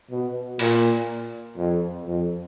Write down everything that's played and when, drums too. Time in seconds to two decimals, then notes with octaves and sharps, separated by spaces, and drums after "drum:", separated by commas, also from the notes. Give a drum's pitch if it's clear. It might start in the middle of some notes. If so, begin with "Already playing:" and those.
0.10 B2
0.59 A#2, drum: open hi-hat
1.57 F2
2.07 F2